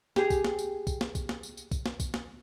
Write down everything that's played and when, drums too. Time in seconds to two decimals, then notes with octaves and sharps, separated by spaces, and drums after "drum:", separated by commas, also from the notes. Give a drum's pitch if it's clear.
0.16 G4 G#4, drum: snare
0.30 drum: kick, tambourine
0.45 drum: snare
0.59 drum: tambourine
0.87 drum: kick, tambourine
1.01 drum: snare
1.15 drum: kick, tambourine
1.29 drum: snare
1.43 drum: tambourine
1.57 drum: tambourine
1.71 drum: kick, tambourine
1.86 drum: snare
2.00 drum: kick, tambourine
2.14 drum: snare